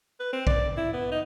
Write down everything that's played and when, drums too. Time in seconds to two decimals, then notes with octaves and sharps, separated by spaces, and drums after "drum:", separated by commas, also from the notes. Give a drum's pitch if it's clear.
0.20 B4
0.33 C4
0.47 D5, drum: kick
0.77 E4
0.93 B3
1.12 D#4